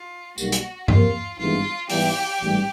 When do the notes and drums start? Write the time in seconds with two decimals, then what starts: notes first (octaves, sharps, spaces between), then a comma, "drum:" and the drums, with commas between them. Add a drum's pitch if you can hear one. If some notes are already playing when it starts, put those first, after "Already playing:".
Already playing: F4
0.38 B1 B2 G3 A#3 F#4, drum: tambourine
0.52 drum: hi-hat
0.88 F2 C3 F3 A#3 F4, drum: tom G2
1.39 G#1 G2 E3 G#3 B3 F4
1.89 G#2 E3 G3 B3 E4 G4, drum: open hi-hat
2.40 A1 G#2 E3 G3